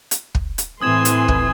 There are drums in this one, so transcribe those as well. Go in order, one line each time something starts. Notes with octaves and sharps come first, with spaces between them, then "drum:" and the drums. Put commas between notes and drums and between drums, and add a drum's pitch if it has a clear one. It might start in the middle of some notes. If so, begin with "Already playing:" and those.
drum: hi-hat
drum: kick
drum: hi-hat
A2 E3 C4 G#5 C6 D#6 G#6 E7
drum: hi-hat
drum: kick